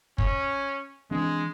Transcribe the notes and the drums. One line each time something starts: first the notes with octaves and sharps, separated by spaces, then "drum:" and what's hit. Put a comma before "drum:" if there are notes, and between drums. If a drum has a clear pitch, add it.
C#4, drum: kick
E3 G#3 C4 D4